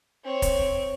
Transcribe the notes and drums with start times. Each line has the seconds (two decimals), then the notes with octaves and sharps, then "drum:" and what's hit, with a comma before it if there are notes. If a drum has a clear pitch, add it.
0.24 C4 C#5
0.42 drum: kick, hi-hat